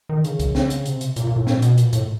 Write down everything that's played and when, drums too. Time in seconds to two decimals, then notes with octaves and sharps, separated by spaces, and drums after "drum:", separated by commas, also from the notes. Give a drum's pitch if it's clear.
0.09 D#3
0.24 C#3, drum: hi-hat
0.40 drum: kick, hi-hat
0.55 drum: snare
0.70 drum: hi-hat
0.86 C3, drum: hi-hat
1.01 drum: hi-hat
1.16 A#2, drum: hi-hat
1.27 A#2
1.36 A2
1.47 A#2, drum: snare
1.62 B2, drum: hi-hat
1.78 A#2, drum: hi-hat
1.93 A2, drum: hi-hat